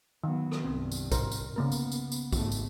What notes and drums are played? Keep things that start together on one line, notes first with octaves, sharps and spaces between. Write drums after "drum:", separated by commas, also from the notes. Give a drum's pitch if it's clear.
D#3 F#3 B3
drum: rim click
C2 G2 C4
drum: tambourine
A#4 C5, drum: kick, tambourine
drum: tambourine
C#3 A#3 B3 A#4
drum: tambourine
drum: tambourine
drum: tambourine
G#1 A3, drum: kick, tambourine
drum: tambourine